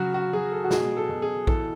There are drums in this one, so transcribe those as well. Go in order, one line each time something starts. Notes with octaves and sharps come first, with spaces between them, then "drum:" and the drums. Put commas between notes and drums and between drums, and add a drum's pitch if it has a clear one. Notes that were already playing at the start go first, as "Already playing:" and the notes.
Already playing: C#3 F#3 F#4
F#4
F#3 G#4
A4
F#4
B2 G#4, drum: snare
A4
B2
G#4
E3 A4, drum: kick A#1